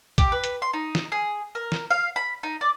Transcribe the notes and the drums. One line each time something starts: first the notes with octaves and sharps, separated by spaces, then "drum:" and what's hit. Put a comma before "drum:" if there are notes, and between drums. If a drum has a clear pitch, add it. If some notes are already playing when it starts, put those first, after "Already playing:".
G4, drum: kick, hi-hat
B4
drum: hi-hat
C6
D#4
drum: snare
G#4
A#4
drum: snare
F5
B5
D#4
D5